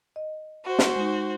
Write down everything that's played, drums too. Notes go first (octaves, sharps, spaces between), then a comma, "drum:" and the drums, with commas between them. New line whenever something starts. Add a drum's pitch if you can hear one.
D#5
F#4 C5
drum: snare
G#3 D#4